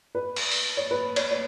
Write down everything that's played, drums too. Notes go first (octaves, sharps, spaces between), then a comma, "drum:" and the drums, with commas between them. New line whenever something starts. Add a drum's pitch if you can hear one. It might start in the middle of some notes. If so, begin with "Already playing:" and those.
B4
drum: cymbal
drum: open hi-hat
C#5
B4
C#5, drum: cymbal
C#5